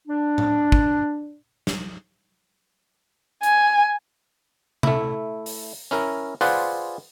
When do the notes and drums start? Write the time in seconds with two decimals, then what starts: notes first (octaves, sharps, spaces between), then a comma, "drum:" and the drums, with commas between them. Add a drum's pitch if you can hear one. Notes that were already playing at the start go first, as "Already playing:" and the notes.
0.08 D4
0.38 drum: tom A2
0.72 drum: kick
1.67 drum: snare
3.43 G#5, drum: hi-hat
4.83 A3 E4, drum: tom C3
5.46 drum: open hi-hat
5.91 C#4 E4 A#4
6.41 F4 G#4 B4 C5 D5 F#5, drum: open hi-hat